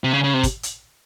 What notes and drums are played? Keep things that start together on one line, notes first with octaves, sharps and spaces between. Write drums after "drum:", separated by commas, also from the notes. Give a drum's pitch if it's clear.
C3
C#3
C#3
C3
drum: kick, hi-hat
drum: hi-hat